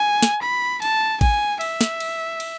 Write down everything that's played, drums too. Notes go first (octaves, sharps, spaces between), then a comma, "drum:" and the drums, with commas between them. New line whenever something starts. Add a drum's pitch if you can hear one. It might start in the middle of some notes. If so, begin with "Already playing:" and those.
Already playing: G#5
drum: snare
B5
A5, drum: cymbal
G#5, drum: kick A1, cymbal
E5, drum: cymbal
drum: snare
drum: cymbal
drum: cymbal